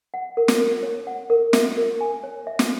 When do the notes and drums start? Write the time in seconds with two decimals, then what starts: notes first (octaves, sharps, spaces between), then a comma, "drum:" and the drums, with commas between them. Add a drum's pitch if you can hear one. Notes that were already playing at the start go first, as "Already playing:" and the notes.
0.14 F#5
0.37 A#4
0.48 drum: snare
0.60 A#4
0.83 C#5
1.07 F#5
1.30 A#4
1.53 E5, drum: snare
1.77 A#4
2.01 G#5
2.24 C#5
2.47 E5
2.59 drum: snare